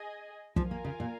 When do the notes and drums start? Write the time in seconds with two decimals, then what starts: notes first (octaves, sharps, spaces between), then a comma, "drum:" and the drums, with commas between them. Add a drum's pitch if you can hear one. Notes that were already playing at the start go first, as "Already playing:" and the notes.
Already playing: G#4 D#5 G#5
0.56 F3 F4 A#4 F5 G#5, drum: kick
0.71 A#3
0.85 C#3
1.00 A#2